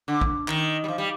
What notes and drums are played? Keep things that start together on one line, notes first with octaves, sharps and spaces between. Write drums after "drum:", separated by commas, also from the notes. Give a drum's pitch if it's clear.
D3
drum: kick
D#3, drum: clap
G3
F3
G3